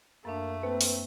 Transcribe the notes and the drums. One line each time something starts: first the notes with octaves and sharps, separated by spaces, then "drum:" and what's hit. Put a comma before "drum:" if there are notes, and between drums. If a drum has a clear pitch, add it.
F#2 A3 A#3 D4
A#3 C4 B4
drum: open hi-hat